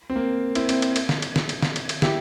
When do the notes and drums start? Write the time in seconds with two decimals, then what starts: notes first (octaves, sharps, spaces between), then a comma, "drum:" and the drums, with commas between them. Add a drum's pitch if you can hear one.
0.10 C4
0.16 A#3
0.55 C4 E4, drum: cymbal
0.69 C4, drum: cymbal
0.82 drum: cymbal
0.96 drum: cymbal
1.09 drum: snare
1.22 drum: cymbal
1.36 drum: snare
1.49 drum: cymbal
1.63 drum: snare
1.76 drum: cymbal
1.89 drum: cymbal
2.02 E4 G4, drum: snare